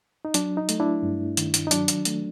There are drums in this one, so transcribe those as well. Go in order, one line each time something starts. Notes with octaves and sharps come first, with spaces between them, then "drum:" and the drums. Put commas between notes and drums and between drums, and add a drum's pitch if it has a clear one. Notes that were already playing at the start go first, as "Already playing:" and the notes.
D#4
F#3 D4, drum: hi-hat
D#4
A3, drum: hi-hat
D4 E4
G2
D#3, drum: hi-hat
drum: hi-hat
D#4
F#3 D4, drum: hi-hat
drum: hi-hat
A3, drum: hi-hat